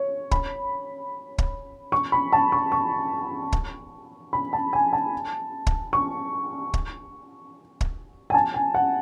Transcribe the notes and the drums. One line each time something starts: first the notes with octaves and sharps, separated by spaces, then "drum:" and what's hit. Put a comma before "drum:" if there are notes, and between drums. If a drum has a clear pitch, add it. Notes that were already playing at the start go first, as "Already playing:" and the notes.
Already playing: C#5
B5, drum: kick
drum: kick
C#6
B5
A5
C#6
C#6
drum: kick
B5
A5
G#5
A5
drum: kick
C#6
drum: kick
drum: kick
G#5
A5
G#5
F#5